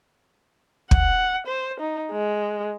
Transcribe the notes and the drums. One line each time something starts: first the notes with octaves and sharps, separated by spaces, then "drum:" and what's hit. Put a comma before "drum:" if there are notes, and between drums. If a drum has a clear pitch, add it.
F#5, drum: kick
C5
D#4
G#3